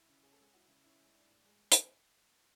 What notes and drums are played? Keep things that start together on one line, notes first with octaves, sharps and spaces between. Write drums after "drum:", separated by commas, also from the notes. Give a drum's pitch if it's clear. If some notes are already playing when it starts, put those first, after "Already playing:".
Already playing: E4
C#3
C#4 G#4
A4
G#3 G#4
E4 F#4
C#3
C#4 E4
G#3
D4
A2
G#3
drum: hi-hat